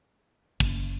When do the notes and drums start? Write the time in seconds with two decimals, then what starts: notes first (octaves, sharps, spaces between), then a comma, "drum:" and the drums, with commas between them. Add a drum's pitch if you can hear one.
0.60 F#1, drum: kick, open hi-hat